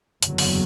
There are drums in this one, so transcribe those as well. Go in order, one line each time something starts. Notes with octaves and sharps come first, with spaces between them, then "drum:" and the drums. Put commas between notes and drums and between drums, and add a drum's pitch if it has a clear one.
F#1 E2 D3 F#3, drum: hi-hat
drum: open hi-hat